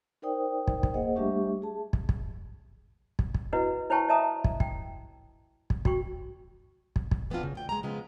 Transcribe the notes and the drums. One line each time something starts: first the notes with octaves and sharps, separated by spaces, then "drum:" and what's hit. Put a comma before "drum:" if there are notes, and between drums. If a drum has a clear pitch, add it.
D#4 A#4 C5 D5 G5 D#6
drum: kick
drum: kick
A#3 G#4 C5 D#5 F#5
G3 A3 D4 G4 E5 C#6
G#4 A5
drum: kick
drum: kick
drum: kick
drum: kick
E4 F#4 B4 D#5 F#5
E4 C5 C#5 G5 A5 C#6
C#5 D#5 E5 A5 A#5 D#6
A5
drum: kick
G5, drum: kick
drum: kick
F#4 G5 C#6, drum: kick
drum: kick
drum: kick
E3 B3 C4 D4 F4
C#3
D2 G5
G#3 A#5
C#3 F3 G#3 B3